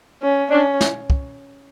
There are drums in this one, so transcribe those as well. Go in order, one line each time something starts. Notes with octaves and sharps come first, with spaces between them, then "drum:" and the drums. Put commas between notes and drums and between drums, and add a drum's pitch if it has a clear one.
C#4
C#4 D4
drum: snare
drum: kick